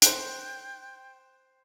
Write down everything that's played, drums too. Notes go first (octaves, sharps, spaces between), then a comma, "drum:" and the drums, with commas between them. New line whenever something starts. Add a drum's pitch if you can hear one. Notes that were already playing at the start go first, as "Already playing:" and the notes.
C5 G5 F#6, drum: hi-hat